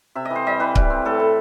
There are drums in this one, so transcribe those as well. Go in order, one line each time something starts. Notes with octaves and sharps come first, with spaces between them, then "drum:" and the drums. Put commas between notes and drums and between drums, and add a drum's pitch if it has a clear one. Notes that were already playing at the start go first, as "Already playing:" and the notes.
C3 E5
D#5
E3
C5
G3 D#5
E3 B4
G3, drum: kick C#1
C4
A2 A4
E3